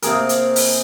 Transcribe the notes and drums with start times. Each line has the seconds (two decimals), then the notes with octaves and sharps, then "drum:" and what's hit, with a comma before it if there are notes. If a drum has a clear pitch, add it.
0.02 C3 A#3 G#4 A#4, drum: hi-hat
0.29 drum: hi-hat
0.56 drum: open hi-hat